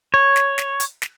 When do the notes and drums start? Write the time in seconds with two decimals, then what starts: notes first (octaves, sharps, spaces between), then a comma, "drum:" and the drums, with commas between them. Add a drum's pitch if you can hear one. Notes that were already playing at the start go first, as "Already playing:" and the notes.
0.14 C#5
0.36 drum: snare
0.58 drum: snare
0.80 drum: hi-hat
1.02 drum: snare